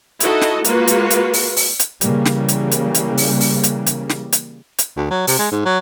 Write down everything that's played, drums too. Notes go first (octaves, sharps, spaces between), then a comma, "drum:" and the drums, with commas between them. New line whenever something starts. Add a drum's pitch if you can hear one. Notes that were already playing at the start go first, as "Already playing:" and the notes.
D#4 E4 F#4 A4 D#5, drum: hi-hat
drum: snare
G#3 A#3 F4 F#4 B4, drum: hi-hat
drum: hi-hat
drum: hi-hat
drum: open hi-hat
drum: open hi-hat
drum: hi-hat
C#3 E3 G3 A#3, drum: hi-hat
drum: snare
drum: hi-hat
drum: hi-hat
drum: hi-hat
drum: open hi-hat
drum: open hi-hat
drum: hi-hat
drum: hi-hat
drum: snare
drum: hi-hat
drum: hi-hat
D2
F#3
C3, drum: open hi-hat
G#3
G#2
F#3